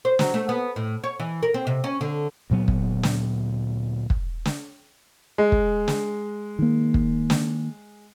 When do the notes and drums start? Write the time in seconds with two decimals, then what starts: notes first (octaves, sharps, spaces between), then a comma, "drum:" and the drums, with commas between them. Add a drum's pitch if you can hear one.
0.05 C5
0.19 F#3, drum: snare
0.34 A3
0.49 B3
0.76 A2
1.04 C#5
1.20 E3
1.43 A#4
1.54 C4
1.67 C3
1.84 C#4
2.01 D3
2.50 D2 A#2 F#3 B3
2.68 drum: kick
3.03 drum: snare
4.10 drum: kick
4.45 drum: snare
5.38 G#3
5.52 drum: kick
5.88 drum: snare
6.59 D#3 A#3
6.94 drum: kick
7.30 drum: snare